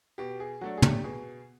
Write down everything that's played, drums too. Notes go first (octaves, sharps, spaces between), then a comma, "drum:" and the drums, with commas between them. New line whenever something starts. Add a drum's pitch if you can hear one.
B2 G4
G#4
F#3 A3 D4 F#4
G#4
G4, drum: tom
B2 G#4